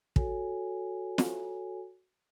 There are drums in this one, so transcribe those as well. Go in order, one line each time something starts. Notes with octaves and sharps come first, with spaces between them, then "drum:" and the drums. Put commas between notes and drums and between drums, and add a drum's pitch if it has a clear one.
F#4 A4 C#5 G#5, drum: kick
drum: snare